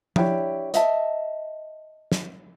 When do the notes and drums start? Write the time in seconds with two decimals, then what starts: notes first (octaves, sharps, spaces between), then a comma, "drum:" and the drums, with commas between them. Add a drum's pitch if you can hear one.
0.16 D4 E4 G4 C#5, drum: tom F3
0.74 D#5 E5 A5, drum: hi-hat
2.12 drum: snare